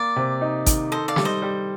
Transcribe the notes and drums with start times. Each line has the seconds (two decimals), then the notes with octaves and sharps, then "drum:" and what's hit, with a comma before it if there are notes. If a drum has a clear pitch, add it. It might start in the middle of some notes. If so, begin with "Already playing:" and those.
Already playing: A#3 D5
0.16 C3
0.41 D#4
0.66 D#3, drum: kick, hi-hat
0.92 A4 C5 D#5
1.08 D5 F5
1.16 G3, drum: snare
1.25 C5 D#5
1.42 G3